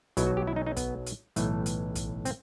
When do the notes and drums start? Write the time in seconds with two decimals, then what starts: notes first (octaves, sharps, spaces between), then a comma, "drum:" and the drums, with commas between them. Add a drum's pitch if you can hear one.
0.17 B1 B2 F#3 E4, drum: kick, hi-hat
0.27 F#4
0.37 G4
0.47 E4
0.56 D#4
0.66 D#4
0.76 B3, drum: kick, hi-hat
1.06 drum: hi-hat
1.36 B1 A2 E3 A3, drum: hi-hat
1.66 drum: hi-hat
1.95 drum: kick, hi-hat
2.25 C4, drum: hi-hat